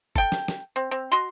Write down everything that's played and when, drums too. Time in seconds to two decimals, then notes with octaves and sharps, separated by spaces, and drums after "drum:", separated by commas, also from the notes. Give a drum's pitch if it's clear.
0.16 A4 G5, drum: kick
0.32 drum: snare
0.48 drum: snare
0.76 C4
0.91 C4
1.12 F#4 D#5 C6, drum: hi-hat